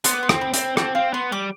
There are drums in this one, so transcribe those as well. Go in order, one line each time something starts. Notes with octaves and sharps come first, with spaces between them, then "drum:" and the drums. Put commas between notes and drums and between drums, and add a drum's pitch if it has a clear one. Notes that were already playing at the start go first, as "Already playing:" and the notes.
B3 C6, drum: hi-hat
D6
C6
C4, drum: rim click
B5
C4, drum: hi-hat
C4 A5, drum: rim click
C4 F5
B3 C6
G3 D6